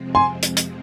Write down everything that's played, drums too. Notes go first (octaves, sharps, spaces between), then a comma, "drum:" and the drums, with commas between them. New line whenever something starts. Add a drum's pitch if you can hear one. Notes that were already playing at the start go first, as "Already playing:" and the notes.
Already playing: F2 C3 F3 G#3 C4
G#5 C6
drum: hi-hat
drum: hi-hat